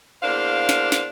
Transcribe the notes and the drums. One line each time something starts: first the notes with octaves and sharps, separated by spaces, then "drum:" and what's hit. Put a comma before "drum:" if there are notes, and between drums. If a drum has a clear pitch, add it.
E2 A#3 D4 C5 F5
drum: snare
drum: snare